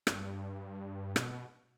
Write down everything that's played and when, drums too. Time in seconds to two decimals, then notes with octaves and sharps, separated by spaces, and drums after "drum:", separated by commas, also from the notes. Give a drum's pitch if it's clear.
0.07 G2, drum: rim click
1.16 B2, drum: rim click